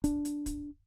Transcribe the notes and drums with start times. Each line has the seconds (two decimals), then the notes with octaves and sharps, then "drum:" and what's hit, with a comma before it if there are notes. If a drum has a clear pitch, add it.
0.04 D4, drum: kick, hi-hat
0.25 drum: hi-hat
0.46 drum: kick, hi-hat